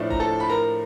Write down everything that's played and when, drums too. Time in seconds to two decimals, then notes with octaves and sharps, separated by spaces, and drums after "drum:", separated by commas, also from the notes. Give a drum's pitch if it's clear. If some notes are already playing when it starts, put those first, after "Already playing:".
Already playing: A2 F3 A3 D4
0.10 A#5, drum: kick D#1
0.20 A4 A5
0.40 B5
0.50 A#4 A#5